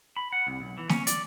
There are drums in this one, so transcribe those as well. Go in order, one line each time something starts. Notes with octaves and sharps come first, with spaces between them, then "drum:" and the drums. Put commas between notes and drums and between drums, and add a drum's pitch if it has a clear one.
B5
F#5
C2
B1
E3
C#4, drum: snare
D5, drum: hi-hat